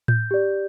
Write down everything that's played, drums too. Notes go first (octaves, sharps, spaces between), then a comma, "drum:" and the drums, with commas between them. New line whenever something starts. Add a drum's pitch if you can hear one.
G6, drum: tom A2
G4 D5